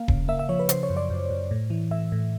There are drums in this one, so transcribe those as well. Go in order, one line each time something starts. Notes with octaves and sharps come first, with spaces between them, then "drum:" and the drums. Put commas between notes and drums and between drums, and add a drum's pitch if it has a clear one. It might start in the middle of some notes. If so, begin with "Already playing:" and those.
Already playing: A#3 F5
C#3, drum: kick D#1
A#3 E5
E5
F3 C#5
B4
C#3 C5, drum: hi-hat
C#5
F#2
D5
F#2
F#2
A2
E3
A2 E5
A2